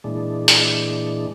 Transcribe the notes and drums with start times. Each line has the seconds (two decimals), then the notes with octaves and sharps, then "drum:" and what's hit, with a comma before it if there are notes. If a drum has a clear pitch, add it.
0.04 A#2 E3 G#3 D4
0.48 drum: hi-hat